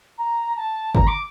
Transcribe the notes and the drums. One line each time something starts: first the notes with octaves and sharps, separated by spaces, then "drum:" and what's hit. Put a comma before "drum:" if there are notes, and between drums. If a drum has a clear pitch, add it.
A#5
A5
A#5, drum: kick G1
D6